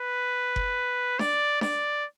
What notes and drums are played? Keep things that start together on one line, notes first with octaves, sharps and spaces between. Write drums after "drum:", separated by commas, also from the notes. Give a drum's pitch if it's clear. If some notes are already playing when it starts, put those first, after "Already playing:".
Already playing: B4
drum: kick F#1
D5, drum: snare D4
D5, drum: snare D4